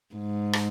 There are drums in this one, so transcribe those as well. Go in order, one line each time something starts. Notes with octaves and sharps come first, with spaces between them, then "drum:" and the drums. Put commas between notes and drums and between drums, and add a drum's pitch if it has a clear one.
G#2
drum: rim click